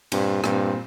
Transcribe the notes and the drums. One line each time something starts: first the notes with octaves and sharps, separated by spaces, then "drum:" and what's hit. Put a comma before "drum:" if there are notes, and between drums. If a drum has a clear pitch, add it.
G2 A#2 G3 C4, drum: cymbal
G2 A#2 G3 C4, drum: rim click